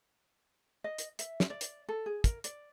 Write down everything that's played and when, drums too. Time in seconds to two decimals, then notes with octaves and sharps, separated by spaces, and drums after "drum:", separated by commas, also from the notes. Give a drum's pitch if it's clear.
0.84 D#5
0.98 drum: hi-hat
1.19 E5, drum: hi-hat
1.40 drum: snare
1.50 D5
1.61 drum: hi-hat
1.89 A4
2.06 G#4
2.24 A#4, drum: kick, hi-hat
2.44 D5, drum: hi-hat